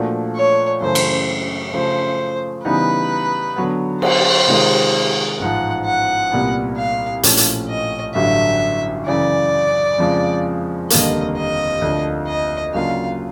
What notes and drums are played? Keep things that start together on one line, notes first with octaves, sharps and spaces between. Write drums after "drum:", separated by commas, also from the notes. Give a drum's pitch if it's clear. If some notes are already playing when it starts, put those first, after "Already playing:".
Already playing: A#2 F3 A3 D4 F#4
C#5
F#2 C#3 E3 A3 C5
drum: cymbal
C#3 F3 A3 C5
C#3 E3 G3 B3 D#4 B4
D3 F#3 B3
C5, drum: cymbal
C3 D#3 G#3 C4 F4
A1 G#2 F3 F#5
F#5
C2 A#2 G3 B3
F5
A#1 A2 F3 A3 C#4, drum: hi-hat
drum: hi-hat
D#5
A1 G2 D3 F#3 E5
F#2 C#3 E3 D5
F2 C#3 F3 G#3
F1 D#2 D3 G3 A#3 D#5, drum: hi-hat
D#5
D2 D3 F3
D#5
C#3 F#3 A#3 D4 F4 F5